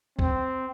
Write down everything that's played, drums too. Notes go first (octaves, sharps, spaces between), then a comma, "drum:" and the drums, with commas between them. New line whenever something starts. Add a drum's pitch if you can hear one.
C4, drum: kick